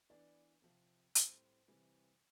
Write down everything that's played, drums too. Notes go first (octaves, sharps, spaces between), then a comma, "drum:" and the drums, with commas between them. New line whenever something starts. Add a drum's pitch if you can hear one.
E3 B3 D4 D5
C3 F3 C4
A2 G3 C4 C5, drum: hi-hat
C3 E3 G3 C4